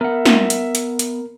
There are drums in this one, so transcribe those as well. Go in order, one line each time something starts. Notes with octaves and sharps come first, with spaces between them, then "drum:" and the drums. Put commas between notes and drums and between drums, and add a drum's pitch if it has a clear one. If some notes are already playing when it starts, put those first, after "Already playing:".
B3 A#4 E5 F#5
drum: snare
drum: hi-hat
drum: hi-hat
drum: hi-hat